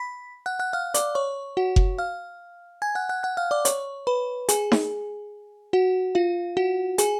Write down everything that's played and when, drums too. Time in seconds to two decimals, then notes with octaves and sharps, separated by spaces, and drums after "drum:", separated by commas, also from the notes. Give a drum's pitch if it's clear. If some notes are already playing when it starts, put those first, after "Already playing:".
Already playing: B5 B6
0.46 F#5 F#6
0.59 F#5 F#6
0.73 F5 F6
0.94 D5 D6, drum: hi-hat
1.15 C#5 C#6
1.57 F#4 F#5
1.76 drum: kick F#1
1.98 F5 F6
2.82 G#5 G#6
2.95 F#5 F#6
3.09 F#5 F#6
3.23 F#5 F#6
3.37 F5 F6
3.51 D5 D6
3.65 C#5 C#6, drum: hi-hat
4.07 B4 B5
4.49 G#4 G#5, drum: hi-hat
4.72 drum: snare D#4
5.73 F#4 F#5
6.15 F4 F5
6.57 F#4 F#5
6.98 G#4 G#5, drum: hi-hat